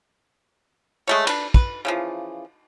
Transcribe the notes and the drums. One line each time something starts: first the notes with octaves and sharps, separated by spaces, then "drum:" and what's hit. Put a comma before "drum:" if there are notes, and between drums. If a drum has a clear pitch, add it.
G#3 A3 C#5
D4 B4, drum: cymbal
B4, drum: kick
C#3 E3 F3